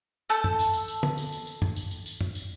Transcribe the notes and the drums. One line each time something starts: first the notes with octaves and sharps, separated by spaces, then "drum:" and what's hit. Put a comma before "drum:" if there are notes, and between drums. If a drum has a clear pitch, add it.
A4 A5 G6, drum: tambourine
drum: tom
drum: tambourine
drum: tambourine
drum: tambourine
drum: tom
drum: tambourine
drum: tambourine
drum: tambourine
drum: tom
drum: tambourine
drum: tambourine
drum: tambourine
drum: tom
drum: tambourine